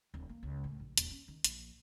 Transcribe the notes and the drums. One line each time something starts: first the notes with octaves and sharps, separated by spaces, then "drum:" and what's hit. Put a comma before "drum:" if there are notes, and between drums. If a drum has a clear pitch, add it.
D1
A#3
C#2
A2
A#1
D#1, drum: hi-hat
C#4
D#3
A#1, drum: hi-hat